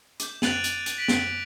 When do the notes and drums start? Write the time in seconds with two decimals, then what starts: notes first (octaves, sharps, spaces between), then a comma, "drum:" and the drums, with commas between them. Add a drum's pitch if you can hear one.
0.20 D6 G6, drum: hi-hat
0.42 F#6 A6 D7 D#7 F7 F#7, drum: snare
0.64 drum: hi-hat
0.86 drum: hi-hat
0.98 B6 D7 F#7
1.08 drum: snare